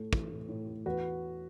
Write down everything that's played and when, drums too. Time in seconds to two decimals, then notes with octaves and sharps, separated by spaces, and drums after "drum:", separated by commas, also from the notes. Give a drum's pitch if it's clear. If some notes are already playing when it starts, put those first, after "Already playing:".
Already playing: A2 A3
0.13 E3, drum: kick
0.31 A2
0.49 A2
0.67 A3
0.85 E2 F#4 B4